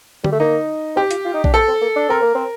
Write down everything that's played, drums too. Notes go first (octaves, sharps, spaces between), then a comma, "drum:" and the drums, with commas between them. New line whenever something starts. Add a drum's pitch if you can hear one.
G3, drum: tom D3
A3
A#3 D#4
C4 G4
F4, drum: hi-hat
F4
D#4
D4, drum: kick A#1
C4 A4
C4
A#3
D4
C4 A#4
A#3
C4